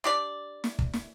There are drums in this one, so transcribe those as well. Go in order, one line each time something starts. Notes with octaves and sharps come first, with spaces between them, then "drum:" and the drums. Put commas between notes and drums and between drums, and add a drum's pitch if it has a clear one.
D4 G4 D5
drum: snare
drum: kick
drum: snare